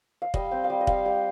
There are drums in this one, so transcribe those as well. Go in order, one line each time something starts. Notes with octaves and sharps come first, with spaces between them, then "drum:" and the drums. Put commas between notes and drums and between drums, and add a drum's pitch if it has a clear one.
F5
G3 D#5, drum: kick
C4 G5
F5
G3 G5
D#5
G3 F5, drum: kick
G3 G5